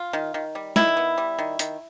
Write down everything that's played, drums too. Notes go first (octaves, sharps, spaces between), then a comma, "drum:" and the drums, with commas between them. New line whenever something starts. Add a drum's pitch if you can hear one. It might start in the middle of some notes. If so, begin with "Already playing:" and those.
Already playing: F4
D#3
D#3
G3
D#3 E4, drum: snare
B3
G3
D#3
D#3, drum: hi-hat